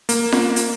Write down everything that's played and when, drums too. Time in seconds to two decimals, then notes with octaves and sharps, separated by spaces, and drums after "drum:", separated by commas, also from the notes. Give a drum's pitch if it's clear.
0.09 A#3, drum: hi-hat
0.32 drum: snare F4
0.56 drum: hi-hat